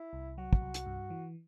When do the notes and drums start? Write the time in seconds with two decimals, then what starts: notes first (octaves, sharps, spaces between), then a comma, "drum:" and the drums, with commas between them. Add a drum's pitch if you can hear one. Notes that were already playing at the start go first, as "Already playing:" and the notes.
Already playing: E4
0.13 C2
0.38 F#3 F#4
0.53 drum: kick
0.62 C2
0.74 drum: hi-hat
0.86 G2
1.10 E3